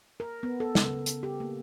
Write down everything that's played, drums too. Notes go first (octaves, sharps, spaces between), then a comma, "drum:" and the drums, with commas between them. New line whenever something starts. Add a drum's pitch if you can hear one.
A#4
B3
A4
C#3, drum: snare
drum: hi-hat
G4
A#3